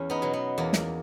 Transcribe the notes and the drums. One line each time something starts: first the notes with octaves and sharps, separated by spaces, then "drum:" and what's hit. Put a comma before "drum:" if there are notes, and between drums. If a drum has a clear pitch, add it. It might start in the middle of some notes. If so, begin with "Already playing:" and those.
Already playing: E2 C#4
B3 D#4
B2 F#3
B3
E2 A#3
drum: snare